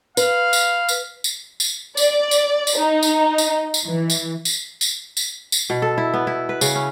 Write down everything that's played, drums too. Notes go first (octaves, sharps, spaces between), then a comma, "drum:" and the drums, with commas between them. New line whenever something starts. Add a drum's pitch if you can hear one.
B4 F5, drum: tambourine
drum: tambourine
drum: tambourine
drum: tambourine
drum: tambourine
D5, drum: tambourine
drum: tambourine
drum: tambourine
D#4
drum: tambourine
drum: tambourine
drum: tambourine
E3
drum: tambourine
drum: tambourine
drum: tambourine
drum: tambourine
drum: tambourine
B2
A4
E4
B3
E4
B4
C#3, drum: tambourine
C#4